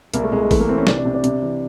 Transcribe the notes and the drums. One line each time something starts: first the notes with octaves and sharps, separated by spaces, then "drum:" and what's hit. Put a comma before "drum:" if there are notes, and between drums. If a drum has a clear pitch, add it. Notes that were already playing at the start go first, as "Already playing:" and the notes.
C2 A#3, drum: hi-hat
A3
C2 G#3
G#3
E3 A3, drum: kick G#1, open hi-hat
A#3
E3 C4
C#4
C3 D4, drum: snare
D4
C3
D4
C3, drum: hi-hat
E3